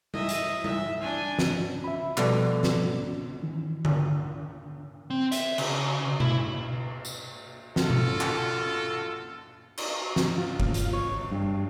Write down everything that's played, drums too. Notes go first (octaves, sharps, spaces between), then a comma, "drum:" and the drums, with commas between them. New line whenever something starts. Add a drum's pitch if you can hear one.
D#5 E5, drum: tom G3
drum: hi-hat
E5, drum: tom G3
D4 G#5
drum: snare
E5 B5
B2 F3 G3 B3 A4 D5, drum: clap
drum: snare
D#3 E3
drum: tom D3
C4
E5, drum: hi-hat
C#3, drum: cymbal
E4, drum: tom B2
drum: tambourine
F4 F#4 A4, drum: snare
drum: tom B2
drum: clap
drum: cymbal
drum: snare
F4
drum: kick
drum: hi-hat
C#5
G2